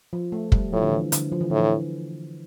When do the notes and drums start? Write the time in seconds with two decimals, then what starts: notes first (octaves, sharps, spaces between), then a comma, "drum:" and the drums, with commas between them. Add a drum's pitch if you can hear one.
0.13 F3
0.32 A3
0.52 G3, drum: kick
0.73 A2 F3
0.82 D3
0.92 E3
1.12 D3, drum: hi-hat
1.32 F3
1.41 E3
1.50 A2 D3
1.59 E3